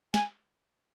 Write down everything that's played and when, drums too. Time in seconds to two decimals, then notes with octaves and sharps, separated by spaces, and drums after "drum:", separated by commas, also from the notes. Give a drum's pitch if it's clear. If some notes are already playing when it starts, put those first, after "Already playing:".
0.14 G#5, drum: snare